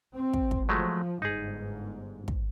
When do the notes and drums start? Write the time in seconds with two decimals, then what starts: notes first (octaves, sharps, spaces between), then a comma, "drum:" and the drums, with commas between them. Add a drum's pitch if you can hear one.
0.15 C4
0.34 drum: kick
0.51 drum: kick
0.69 F3 F#3 G#3 A3
1.22 G1 G#2 D#4 G#4
2.28 drum: kick